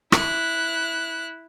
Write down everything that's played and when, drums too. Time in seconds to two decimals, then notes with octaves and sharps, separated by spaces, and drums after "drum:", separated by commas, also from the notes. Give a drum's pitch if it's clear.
0.12 E4 F#6, drum: rim click